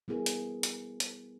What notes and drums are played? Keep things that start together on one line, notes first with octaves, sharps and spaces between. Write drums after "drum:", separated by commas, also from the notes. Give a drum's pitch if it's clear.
G3 B3 E4 G#4 A#4
drum: hi-hat
drum: hi-hat
drum: hi-hat